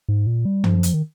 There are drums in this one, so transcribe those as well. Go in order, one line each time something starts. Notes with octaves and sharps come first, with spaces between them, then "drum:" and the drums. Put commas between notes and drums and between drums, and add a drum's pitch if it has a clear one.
G#2
A#2
G3
F3, drum: tom
drum: hi-hat
D#3